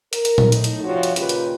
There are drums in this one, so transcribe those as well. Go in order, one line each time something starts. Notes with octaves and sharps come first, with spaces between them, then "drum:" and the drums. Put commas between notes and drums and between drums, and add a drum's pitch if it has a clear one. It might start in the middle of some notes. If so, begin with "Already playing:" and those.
A#4, drum: hi-hat
drum: hi-hat
drum: tom A#2
A2 A3 D#4, drum: hi-hat
drum: hi-hat
G2 C3 F3 F4 F#4 C#5
drum: hi-hat
D#2 A#2 C#3 F4 G4 B4, drum: hi-hat
drum: hi-hat